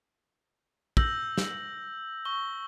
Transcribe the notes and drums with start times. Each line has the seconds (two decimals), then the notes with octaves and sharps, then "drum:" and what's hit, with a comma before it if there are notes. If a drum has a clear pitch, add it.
0.97 E6 G6 A#6 F#7, drum: kick
1.38 drum: snare
2.25 C#6 G7